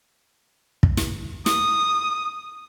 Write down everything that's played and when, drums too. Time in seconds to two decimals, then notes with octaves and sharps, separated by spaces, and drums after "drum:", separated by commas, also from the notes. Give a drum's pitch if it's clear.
0.83 drum: kick
0.97 drum: snare
1.46 D#6, drum: snare